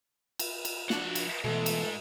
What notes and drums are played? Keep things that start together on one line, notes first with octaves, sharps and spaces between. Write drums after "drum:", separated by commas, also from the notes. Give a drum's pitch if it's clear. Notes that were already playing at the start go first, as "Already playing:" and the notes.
drum: cymbal
drum: cymbal
F3 D4 F#4 F#5, drum: snare
drum: cymbal
G#2 B2 E3 A3
drum: cymbal